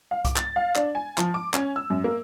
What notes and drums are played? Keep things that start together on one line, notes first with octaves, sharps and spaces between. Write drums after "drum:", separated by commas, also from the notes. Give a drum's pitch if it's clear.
F5
D6, drum: kick C2, hi-hat
A6, drum: clap
F5
D4, drum: clap
G#5
F3, drum: clap
D6
C#4, drum: clap
E6
F#2
A#3